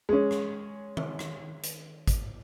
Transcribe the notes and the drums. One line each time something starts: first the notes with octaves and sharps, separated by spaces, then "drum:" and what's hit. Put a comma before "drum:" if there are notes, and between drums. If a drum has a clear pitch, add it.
G#3 C#4
drum: rim click
drum: tom D#3
drum: rim click
drum: hi-hat
drum: kick, hi-hat